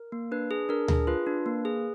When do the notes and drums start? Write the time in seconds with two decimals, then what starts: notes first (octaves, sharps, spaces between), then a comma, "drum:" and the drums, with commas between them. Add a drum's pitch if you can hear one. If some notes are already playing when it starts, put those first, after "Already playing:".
Already playing: A#4
0.12 A#3
0.31 D4 B4
0.51 G#4
0.69 D4 A#4
0.88 G#4, drum: tom D2
1.07 F4 B4
1.27 D4
1.46 A#3
1.65 G#4